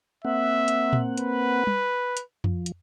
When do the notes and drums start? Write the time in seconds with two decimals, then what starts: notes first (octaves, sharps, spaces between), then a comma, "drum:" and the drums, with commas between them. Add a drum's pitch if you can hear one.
0.25 A#3 C4 E5 F#5
0.68 drum: hi-hat
0.93 drum: tom A#2
1.17 B4, drum: hi-hat
1.67 drum: tom G3
2.17 drum: hi-hat
2.44 F3, drum: tom F2
2.66 drum: hi-hat